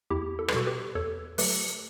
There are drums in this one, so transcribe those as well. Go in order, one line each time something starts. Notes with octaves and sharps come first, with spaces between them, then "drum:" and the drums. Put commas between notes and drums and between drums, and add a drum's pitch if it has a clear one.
E2 E4 G4
A4
B4, drum: rim click
B2 G3 F#4 A4
G4 B4
E2 A4 C#5
D3 F#3 A3 G4 B4, drum: open hi-hat